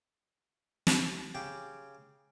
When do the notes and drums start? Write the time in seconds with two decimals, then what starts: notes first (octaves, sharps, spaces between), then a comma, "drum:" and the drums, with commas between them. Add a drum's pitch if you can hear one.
0.87 drum: snare
1.35 C#3 G4 G5